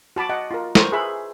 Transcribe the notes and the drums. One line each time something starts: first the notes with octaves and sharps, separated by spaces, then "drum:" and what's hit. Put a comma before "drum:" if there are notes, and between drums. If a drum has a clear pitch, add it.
F#4 A5 B5 D6
D#5 F#5
F4 A#4
A#4 C5 C#6, drum: snare
G#4 B4 E5 B5